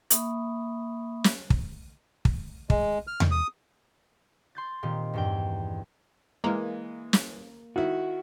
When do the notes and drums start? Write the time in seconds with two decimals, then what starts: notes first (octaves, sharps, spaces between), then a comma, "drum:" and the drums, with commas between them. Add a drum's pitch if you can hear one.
0.10 A#3 E5 B5 C#6 D#6, drum: hi-hat
1.24 drum: snare
1.50 drum: kick
2.25 drum: kick
2.70 G#3, drum: kick
3.07 F6
3.20 drum: tom E2
3.31 D#6
4.55 C6 G6 A6
4.83 A#2 D#3 C4 G4
5.13 E2 G2 G5
6.44 E3 G#3 A#3
7.13 drum: snare
7.76 D#3 E4 F#4